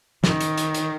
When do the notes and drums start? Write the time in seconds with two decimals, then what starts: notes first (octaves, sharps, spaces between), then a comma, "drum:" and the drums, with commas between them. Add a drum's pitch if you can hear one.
0.24 D#3, drum: snare
0.41 drum: hi-hat
0.58 drum: hi-hat
0.74 drum: hi-hat